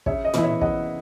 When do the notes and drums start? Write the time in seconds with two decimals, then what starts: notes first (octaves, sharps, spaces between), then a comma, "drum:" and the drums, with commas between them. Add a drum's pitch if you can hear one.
0.06 C#3 C#5 E5, drum: kick
0.25 D#5
0.34 E3 B3 E4, drum: tom
0.43 C#5 E5
0.61 C#3 D#5 F#5, drum: kick